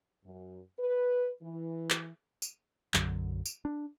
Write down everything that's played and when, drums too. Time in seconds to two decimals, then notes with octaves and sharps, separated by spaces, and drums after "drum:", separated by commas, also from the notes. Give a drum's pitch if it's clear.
0.24 F#2
0.79 B4
1.42 E3
1.90 drum: clap
2.42 drum: tambourine
2.94 B1 F#2 D3 F#3, drum: clap
3.46 drum: tambourine
3.65 D4